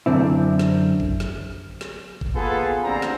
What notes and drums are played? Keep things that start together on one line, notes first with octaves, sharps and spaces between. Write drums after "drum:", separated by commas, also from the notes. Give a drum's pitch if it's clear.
F#2 D3 C4 E4
drum: snare
drum: kick G1
drum: snare
drum: snare
drum: kick G1
A#3 B3 F4 G#4 A4 B4
A1 D3 F3 C4 A#5
drum: snare